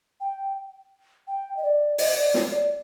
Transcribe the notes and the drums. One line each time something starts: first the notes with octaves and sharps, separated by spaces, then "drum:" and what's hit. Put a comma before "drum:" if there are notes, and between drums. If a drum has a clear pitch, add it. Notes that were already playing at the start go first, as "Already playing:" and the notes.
G5
G5
D#5
D5
D#5, drum: open hi-hat
D5
C#5, drum: snare
D5